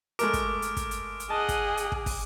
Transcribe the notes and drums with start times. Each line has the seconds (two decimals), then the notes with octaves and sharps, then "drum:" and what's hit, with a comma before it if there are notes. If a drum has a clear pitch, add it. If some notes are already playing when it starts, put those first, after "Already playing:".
0.19 G#3 A3 A#4 D6 F6 D7, drum: hi-hat
0.33 drum: kick, hi-hat
0.62 drum: hi-hat
0.77 drum: kick, hi-hat
0.91 drum: hi-hat
1.20 drum: hi-hat
1.30 G#4 D#5 F#5 A5
1.49 drum: kick, hi-hat
1.77 drum: hi-hat
1.92 drum: kick
2.06 drum: kick, open hi-hat